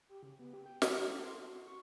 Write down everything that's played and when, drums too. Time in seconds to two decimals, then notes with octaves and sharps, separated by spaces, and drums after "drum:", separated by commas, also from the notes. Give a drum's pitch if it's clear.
0.09 G4
0.23 C#3
0.39 B3
0.53 G4
0.66 G5
0.82 B4, drum: snare
0.95 E4
1.10 A4
1.24 C6
1.40 F#4
1.53 F#4
1.67 C#6